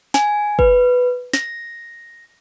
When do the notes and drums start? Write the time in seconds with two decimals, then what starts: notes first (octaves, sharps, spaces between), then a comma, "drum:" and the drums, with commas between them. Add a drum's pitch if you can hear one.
0.14 G#5, drum: snare
0.59 B4, drum: kick
1.33 A#6, drum: snare